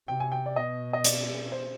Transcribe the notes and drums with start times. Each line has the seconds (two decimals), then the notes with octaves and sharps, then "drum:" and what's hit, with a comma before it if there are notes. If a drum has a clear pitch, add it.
0.08 C3 G5
0.20 G#5
0.32 G5
0.46 D5
0.56 B2 D#5
0.93 D#5
1.04 D5, drum: hi-hat
1.52 C5